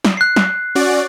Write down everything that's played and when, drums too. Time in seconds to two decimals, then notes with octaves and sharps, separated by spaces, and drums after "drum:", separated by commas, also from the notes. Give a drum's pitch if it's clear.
0.05 drum: snare
0.17 F#6 C7
0.36 drum: snare
0.75 C#4 F#4 D5